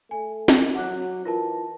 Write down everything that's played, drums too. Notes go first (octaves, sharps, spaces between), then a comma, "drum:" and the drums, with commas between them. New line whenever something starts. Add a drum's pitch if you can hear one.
A3 G#5
drum: snare
F#3 F#5 D6 F#6
E3 F4 A#4 A5